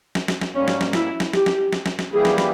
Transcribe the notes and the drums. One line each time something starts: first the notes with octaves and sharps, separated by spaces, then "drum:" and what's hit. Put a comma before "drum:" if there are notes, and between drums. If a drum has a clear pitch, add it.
drum: snare
drum: snare
drum: snare
G#2 G3 A#3 C#4
drum: snare
drum: snare
E4, drum: snare
drum: snare
G4, drum: snare
drum: snare
drum: snare
drum: snare
drum: snare
E3 G3 A#3 E4 G4 G#4
drum: snare
drum: snare